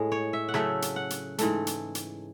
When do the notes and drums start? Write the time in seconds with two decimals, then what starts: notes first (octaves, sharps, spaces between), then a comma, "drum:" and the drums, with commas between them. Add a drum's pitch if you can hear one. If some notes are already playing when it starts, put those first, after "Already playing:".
Already playing: A2 G#3
0.12 C#5
0.33 E5
0.49 F#5
0.54 C#3 F#3 A3 E5, drum: rim click
0.82 drum: hi-hat
0.96 F#5
1.10 drum: hi-hat
1.38 G#2 E3 A3, drum: hi-hat
1.67 drum: hi-hat
1.95 drum: hi-hat